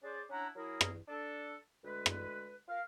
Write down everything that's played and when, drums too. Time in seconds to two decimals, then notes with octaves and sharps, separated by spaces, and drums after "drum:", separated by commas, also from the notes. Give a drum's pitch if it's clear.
0.03 C#4 G#4 C5 D5
0.30 C#4 D4 E4 F#5 A#5
0.56 F#3 E4 G#4 A#4
0.81 drum: rim click
1.08 D4 A4
1.84 D2 G#3 B4
2.06 drum: rim click
2.68 F4 A#4 F5